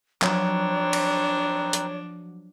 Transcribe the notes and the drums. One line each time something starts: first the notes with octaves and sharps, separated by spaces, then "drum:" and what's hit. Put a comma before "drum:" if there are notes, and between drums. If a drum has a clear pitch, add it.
F3 F#3 C4 D4 D#4 B4 C#5, drum: clap
drum: cymbal
drum: hi-hat